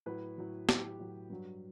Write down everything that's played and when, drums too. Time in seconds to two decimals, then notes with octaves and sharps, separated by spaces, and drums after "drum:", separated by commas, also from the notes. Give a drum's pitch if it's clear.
0.06 A2 F#3 B4
0.38 A2 F#3
0.69 A2 F#3 G4, drum: snare
0.99 A2 F#3
1.30 G2 F#3